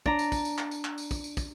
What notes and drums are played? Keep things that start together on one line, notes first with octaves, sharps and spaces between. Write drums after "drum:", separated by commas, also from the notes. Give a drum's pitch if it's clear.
D4 A#5, drum: kick
drum: tambourine
drum: kick, tambourine
drum: tambourine
drum: clap
drum: tambourine
drum: clap
drum: tambourine
drum: kick, tambourine
drum: tambourine
drum: kick, tambourine